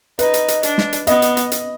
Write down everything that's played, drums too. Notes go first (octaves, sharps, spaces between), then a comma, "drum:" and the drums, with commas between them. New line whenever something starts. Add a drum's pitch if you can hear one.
D#4 B4, drum: hi-hat
drum: hi-hat
drum: hi-hat
D4, drum: hi-hat
drum: snare
drum: hi-hat
B3 D#5, drum: hi-hat
drum: hi-hat
drum: hi-hat
drum: hi-hat